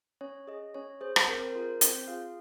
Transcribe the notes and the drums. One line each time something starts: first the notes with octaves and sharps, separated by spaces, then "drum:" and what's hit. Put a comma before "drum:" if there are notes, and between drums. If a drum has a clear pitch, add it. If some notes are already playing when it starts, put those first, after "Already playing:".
C#4 C#5
G#4 D#5
C#4 C#5
G#4 C5
drum: rim click
C4 A#4
C5
F4 G#4 A#4
C4 C5, drum: hi-hat
F4 G#4 F5